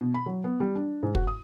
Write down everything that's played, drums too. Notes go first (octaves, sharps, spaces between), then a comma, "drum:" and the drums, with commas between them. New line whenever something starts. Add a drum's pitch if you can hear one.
B2
B5
F#3
B3
G3
D4
G#2
F#4, drum: kick
D#6